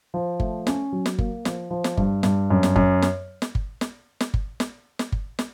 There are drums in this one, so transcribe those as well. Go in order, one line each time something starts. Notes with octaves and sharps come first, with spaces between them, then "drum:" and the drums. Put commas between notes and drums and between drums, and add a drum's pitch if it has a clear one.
F3
A3, drum: kick G1
C#4, drum: snare
F#3
drum: snare
A#3, drum: kick G1
F3, drum: snare
F3
drum: snare
G2, drum: kick G1
G2, drum: snare
F#2
drum: snare
F#2, drum: kick G1
drum: snare
drum: snare
drum: kick G1
drum: snare
drum: snare
drum: kick G1
drum: snare
drum: snare
drum: kick G1
drum: snare